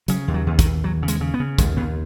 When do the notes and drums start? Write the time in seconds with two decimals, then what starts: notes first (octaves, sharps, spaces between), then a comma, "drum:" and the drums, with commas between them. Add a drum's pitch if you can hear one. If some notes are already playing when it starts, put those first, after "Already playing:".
0.08 C#3 F#3, drum: hi-hat
0.28 D#2
0.34 F#3
0.47 D#2
0.59 D#3, drum: kick, hi-hat
0.65 D#2
0.84 D#2 F#3
1.03 C#3
1.08 G#3, drum: hi-hat
1.21 C#3
1.34 B3
1.40 C#3
1.58 D#2 G#3, drum: kick, hi-hat
1.77 D#2 B3